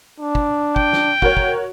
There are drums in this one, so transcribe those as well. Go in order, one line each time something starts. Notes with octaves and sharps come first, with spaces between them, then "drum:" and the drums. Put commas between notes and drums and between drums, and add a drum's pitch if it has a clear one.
D4
drum: kick
G5, drum: kick
drum: snare
F#4 A#4 C#5, drum: kick
drum: kick